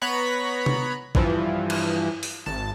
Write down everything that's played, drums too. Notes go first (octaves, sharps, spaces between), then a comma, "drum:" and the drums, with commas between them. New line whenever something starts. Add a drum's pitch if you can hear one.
B3 C#5 A#5 B5 F#6
drum: tom C3
G2 E3 F3, drum: kick A1
drum: cymbal
drum: open hi-hat
G#1 A5